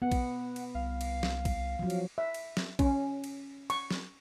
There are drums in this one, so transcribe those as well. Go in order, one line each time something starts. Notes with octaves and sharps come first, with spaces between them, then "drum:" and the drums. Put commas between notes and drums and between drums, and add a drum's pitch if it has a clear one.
B3 F#5
drum: kick A#1, cymbal
drum: cymbal
C2 F5
drum: cymbal
drum: snare
drum: kick A#1, cymbal
F3 F#3
drum: cymbal
E5
drum: cymbal
drum: snare
C#4, drum: kick A#1, cymbal
drum: cymbal
C#6, drum: cymbal
drum: snare